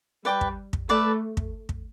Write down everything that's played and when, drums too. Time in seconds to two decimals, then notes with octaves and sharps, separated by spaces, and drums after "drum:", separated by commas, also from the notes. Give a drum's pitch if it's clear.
0.25 G3 B4 D5 G5 D6
0.41 drum: kick
0.73 drum: kick
0.89 A3 B4 D5 A5
1.37 drum: kick
1.69 drum: kick